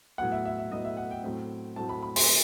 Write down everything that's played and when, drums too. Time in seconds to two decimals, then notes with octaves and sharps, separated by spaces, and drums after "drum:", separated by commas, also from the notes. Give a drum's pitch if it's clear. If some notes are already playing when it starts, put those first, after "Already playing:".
0.18 A2 F#3 B3 F#5
0.32 E5
0.45 E5
0.58 E5
0.71 A2 F#3 B3 D#5
0.84 E5
0.97 F#5
1.11 G5
1.23 A2 F#3 A3 C4
1.76 A2 F#3 A3 C4 A5
1.89 B5
2.03 B5
2.16 C6, drum: open hi-hat